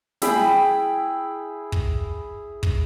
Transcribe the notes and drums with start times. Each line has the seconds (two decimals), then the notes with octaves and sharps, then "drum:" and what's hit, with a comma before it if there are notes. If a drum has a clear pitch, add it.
0.22 E4 G#4 G5 B5, drum: snare
1.72 drum: kick
2.63 drum: kick